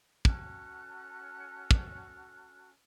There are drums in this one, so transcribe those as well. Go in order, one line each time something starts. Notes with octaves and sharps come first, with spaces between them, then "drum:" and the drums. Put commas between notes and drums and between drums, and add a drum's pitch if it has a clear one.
C#4 F#4 A4 F#6, drum: kick
drum: kick